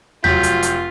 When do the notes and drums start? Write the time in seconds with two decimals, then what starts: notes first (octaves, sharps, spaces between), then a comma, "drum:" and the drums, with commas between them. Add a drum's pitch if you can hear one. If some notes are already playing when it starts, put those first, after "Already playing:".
0.24 F1 F#3 F4 G6 B6, drum: tom D#2
0.43 drum: hi-hat
0.63 drum: hi-hat